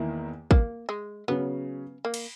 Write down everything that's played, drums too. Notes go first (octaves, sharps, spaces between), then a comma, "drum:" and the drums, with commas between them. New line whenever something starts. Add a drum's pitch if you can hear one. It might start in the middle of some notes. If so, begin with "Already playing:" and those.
Already playing: E2 D#3 A#3 E4
A#3, drum: kick
G#3
C#3 F#3 B3 C#4
A#3
drum: cymbal